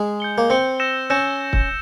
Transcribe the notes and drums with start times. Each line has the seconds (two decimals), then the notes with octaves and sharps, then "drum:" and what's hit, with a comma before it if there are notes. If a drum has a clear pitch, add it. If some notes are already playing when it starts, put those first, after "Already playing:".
Already playing: G#3
0.20 G6 C#7 G7
0.38 A#3
0.50 C4 G6 C#7 G7
0.80 E6 G6 A#6 C#7 E7
1.10 C#4 E6 G6 A#6 C#7 E7
1.53 drum: kick